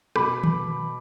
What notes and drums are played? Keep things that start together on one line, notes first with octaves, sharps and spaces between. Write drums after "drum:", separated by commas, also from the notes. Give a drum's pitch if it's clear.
B2 B5 D6, drum: rim click
drum: tom D#3